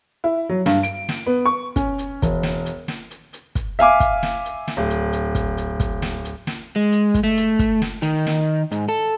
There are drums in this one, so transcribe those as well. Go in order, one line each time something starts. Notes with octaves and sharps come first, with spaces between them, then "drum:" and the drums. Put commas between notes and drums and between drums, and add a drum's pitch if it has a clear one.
E4
F#3
G2, drum: snare
D7, drum: hi-hat
drum: snare
B3
C#6
C#4, drum: kick, hi-hat
drum: hi-hat
E1, drum: kick, hi-hat
drum: snare
drum: hi-hat
drum: snare
drum: hi-hat
drum: hi-hat
drum: kick, hi-hat
E5 F5 G#5 D6, drum: hi-hat
drum: kick, hi-hat
drum: snare
drum: hi-hat
drum: snare
D1
drum: hi-hat
drum: hi-hat
drum: kick, hi-hat
drum: hi-hat
drum: kick, hi-hat
drum: snare
drum: hi-hat
drum: snare
G#3
drum: hi-hat
drum: kick, hi-hat
A3
drum: hi-hat
drum: kick, hi-hat
drum: snare
D#3, drum: hi-hat
drum: snare
G#2, drum: hi-hat
A4